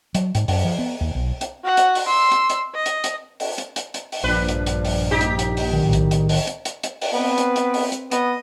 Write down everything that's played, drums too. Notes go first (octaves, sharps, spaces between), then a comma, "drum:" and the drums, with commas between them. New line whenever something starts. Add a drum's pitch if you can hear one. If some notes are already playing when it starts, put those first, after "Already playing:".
F#3, drum: hi-hat
G#2, drum: hi-hat
F#2, drum: open hi-hat
F3
B3
D#2
B1
drum: hi-hat
F#4 F#5
drum: hi-hat
drum: open hi-hat
C6 E6
drum: hi-hat
drum: hi-hat
D#5
drum: hi-hat
drum: hi-hat
drum: open hi-hat
drum: hi-hat
drum: hi-hat
drum: hi-hat
drum: open hi-hat
A#1 G2 F3 D4 B4
drum: hi-hat
drum: hi-hat
drum: open hi-hat
D#4 G4
drum: hi-hat
drum: hi-hat
drum: open hi-hat
B1 A2 D#3
drum: hi-hat
drum: hi-hat
drum: open hi-hat
drum: hi-hat
drum: hi-hat
drum: hi-hat
drum: open hi-hat
B3 C4 B4
drum: hi-hat
drum: hi-hat
drum: open hi-hat
drum: hi-hat
B3 D#5, drum: hi-hat